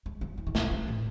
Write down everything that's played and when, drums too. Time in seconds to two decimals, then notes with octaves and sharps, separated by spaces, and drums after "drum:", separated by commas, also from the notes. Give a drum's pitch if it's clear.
0.06 G#3
0.21 F#3
0.38 E3
0.47 D#3
0.55 C3, drum: snare
0.63 C#3
0.71 C3
0.88 A2